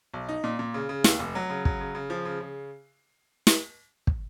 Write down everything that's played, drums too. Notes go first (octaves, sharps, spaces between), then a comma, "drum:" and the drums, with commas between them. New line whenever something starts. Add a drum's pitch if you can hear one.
B1
D#4
A#2
A#2
C#3
C#3
D#2, drum: snare
F1
F#3
C#3
F#3, drum: kick
C#3
C#3
F3
C#3
C#3
drum: snare
drum: kick